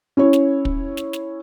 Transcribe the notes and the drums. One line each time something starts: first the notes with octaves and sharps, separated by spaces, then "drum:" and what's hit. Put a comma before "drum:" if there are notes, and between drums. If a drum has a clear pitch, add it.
C#4 E4 C#5
drum: snare
drum: kick
drum: snare
drum: snare